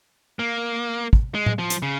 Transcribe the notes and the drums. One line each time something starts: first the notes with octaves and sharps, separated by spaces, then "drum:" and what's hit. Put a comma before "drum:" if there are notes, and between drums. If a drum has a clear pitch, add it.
A#3
drum: kick
G#3
drum: tom A2
F3
drum: hi-hat
C#3